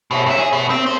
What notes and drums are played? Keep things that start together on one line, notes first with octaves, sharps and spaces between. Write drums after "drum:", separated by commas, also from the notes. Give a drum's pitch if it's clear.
B2, drum: cymbal
G#2 E5
G#4
B2
C4
A4 C5